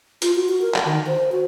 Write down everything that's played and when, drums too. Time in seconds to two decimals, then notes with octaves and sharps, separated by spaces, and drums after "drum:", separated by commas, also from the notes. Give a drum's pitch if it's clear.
0.22 F4, drum: hi-hat
0.35 F#4
0.48 F#4
0.62 A#4
0.75 drum: clap
0.85 D#3
1.07 C5
1.32 F#4